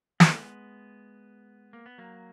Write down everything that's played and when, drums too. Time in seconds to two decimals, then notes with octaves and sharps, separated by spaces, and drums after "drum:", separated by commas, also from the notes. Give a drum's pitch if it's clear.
0.20 G#3 B3, drum: snare
1.73 A#3
1.86 B3
1.98 F#3 A#3